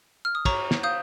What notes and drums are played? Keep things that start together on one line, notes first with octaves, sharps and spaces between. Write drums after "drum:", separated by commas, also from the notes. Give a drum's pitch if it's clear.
F6
D#6
C#5 A#5 C#6, drum: kick, cymbal
drum: snare
F5 D#6 G6